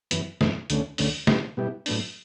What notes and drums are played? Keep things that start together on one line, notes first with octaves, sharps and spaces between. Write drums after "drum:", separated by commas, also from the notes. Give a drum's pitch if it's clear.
F#2 E3 B3, drum: hi-hat
F#2 E3 B3, drum: snare
D2 D3 A3 C#4, drum: hi-hat
D2 D3 A3 C#4, drum: open hi-hat
B2 G3 B3 E4 G4, drum: snare
B2 G3 B3 E4 G4
A2 F#3 B3 D4, drum: open hi-hat